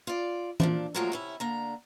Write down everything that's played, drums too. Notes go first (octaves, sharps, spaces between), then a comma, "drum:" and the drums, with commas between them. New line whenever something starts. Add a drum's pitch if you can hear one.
F4 D5
A#2 F3 D4, drum: tom E3
A#2 F3 F#3 G#3 A3 A#4
C3 C#4 E4
D3 A#3 A#5